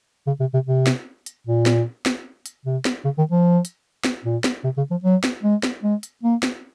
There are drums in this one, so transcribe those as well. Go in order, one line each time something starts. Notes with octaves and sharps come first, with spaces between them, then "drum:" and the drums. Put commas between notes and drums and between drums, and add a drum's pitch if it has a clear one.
C#3
C3
C3
C3
drum: snare
drum: hi-hat
A#2
drum: snare
drum: snare
drum: hi-hat
C3
drum: snare
C#3
D#3
F3
drum: hi-hat
drum: snare
A#2
drum: snare
C3
C#3
F3
F#3
drum: snare
G#3
drum: snare
G#3
drum: hi-hat
A#3
drum: snare